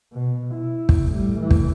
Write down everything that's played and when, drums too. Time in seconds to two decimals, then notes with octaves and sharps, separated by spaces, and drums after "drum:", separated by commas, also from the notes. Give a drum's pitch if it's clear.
0.13 B2
0.54 E4
0.89 drum: kick
1.09 A2 G3
1.40 E3
1.51 drum: kick